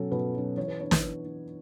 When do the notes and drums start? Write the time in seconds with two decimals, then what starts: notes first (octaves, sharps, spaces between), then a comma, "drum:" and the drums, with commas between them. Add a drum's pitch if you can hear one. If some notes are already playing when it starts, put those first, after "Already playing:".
Already playing: B2 F#3 C#4 A4
0.11 B2 B4
0.34 F#3 C#4
0.56 E3 C#5
0.68 B4
0.80 B3 D4 C#5
0.91 B4, drum: snare
1.02 E3 B4
1.25 B3 D4